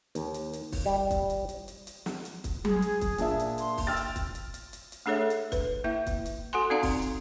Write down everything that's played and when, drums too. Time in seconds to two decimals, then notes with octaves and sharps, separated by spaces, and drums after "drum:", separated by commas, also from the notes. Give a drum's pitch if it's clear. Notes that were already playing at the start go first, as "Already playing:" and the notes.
0.15 D#2, drum: hi-hat
0.34 drum: hi-hat
0.53 drum: hi-hat
0.72 drum: kick, open hi-hat
0.86 G3
1.11 drum: kick, hi-hat
1.30 drum: hi-hat
1.49 drum: hi-hat
1.68 drum: hi-hat
1.87 drum: hi-hat
2.06 drum: snare
2.25 drum: hi-hat
2.44 drum: kick, hi-hat
2.65 G#4, drum: tom F#3
2.82 drum: hi-hat
3.01 drum: kick, hi-hat
3.18 A#2 D4 E5, drum: hi-hat
3.39 drum: hi-hat
3.58 C6, drum: hi-hat
3.78 drum: kick, open hi-hat
3.87 G5 E6 F6 A6
3.97 drum: hi-hat
4.16 drum: kick, hi-hat
4.35 drum: hi-hat
4.54 drum: hi-hat
4.73 drum: hi-hat
4.92 drum: hi-hat
5.06 A3 D4 G#4 A4 C#5 E5
5.30 drum: hi-hat
5.52 B4, drum: kick, hi-hat
5.84 A#3 E4 E5
6.06 drum: kick, hi-hat
6.26 drum: hi-hat
6.53 F#4 A4 F#5 G#5 C6
6.70 C4 D#4 F#4 D5 F5 A#5
6.83 drum: kick, open hi-hat
7.02 drum: hi-hat